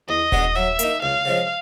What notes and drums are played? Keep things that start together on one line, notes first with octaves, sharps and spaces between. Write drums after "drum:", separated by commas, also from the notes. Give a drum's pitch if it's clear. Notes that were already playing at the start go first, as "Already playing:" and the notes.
E2 D#5
B2 G#3 B3 D4, drum: kick D#1
F#3 E5
A#3 D#4, drum: hi-hat
C#2 F5
C#3 F3 G#3